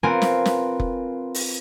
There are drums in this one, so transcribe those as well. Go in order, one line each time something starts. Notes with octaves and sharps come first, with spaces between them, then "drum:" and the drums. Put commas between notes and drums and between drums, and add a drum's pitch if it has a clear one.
B3 C4 F4 A#4 G#5
drum: snare
drum: snare
drum: kick F1
drum: open hi-hat